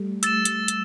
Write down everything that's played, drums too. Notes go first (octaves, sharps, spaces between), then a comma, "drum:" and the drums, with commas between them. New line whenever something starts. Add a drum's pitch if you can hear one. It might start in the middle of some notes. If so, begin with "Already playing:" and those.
Already playing: G3 A3
E6 A6 E7, drum: hi-hat
drum: hi-hat
drum: hi-hat